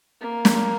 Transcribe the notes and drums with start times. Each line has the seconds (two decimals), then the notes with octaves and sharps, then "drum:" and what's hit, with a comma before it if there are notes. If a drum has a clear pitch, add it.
0.21 A#3
0.45 drum: snare